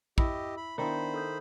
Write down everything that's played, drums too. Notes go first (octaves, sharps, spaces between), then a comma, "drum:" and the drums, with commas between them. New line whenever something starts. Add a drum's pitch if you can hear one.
E4 G4 D#5 E6, drum: kick
B5
D#3 B3 D4 E4 C5 D5 B5
A4 D#6 G6